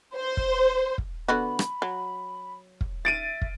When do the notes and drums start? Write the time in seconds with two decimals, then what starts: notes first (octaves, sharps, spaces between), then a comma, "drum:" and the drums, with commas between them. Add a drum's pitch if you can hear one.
0.15 C5
0.37 drum: kick
0.98 drum: kick
1.28 D3 B3 F#4 B5
1.59 drum: rim click
1.82 F#3
2.81 drum: kick
3.05 E5 A6 D7 D#7
3.42 drum: kick